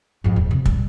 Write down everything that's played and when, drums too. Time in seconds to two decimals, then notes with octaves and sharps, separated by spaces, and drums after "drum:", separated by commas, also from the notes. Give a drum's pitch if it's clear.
0.24 F2 G#2
0.36 D#1
0.51 C3
0.66 G3, drum: kick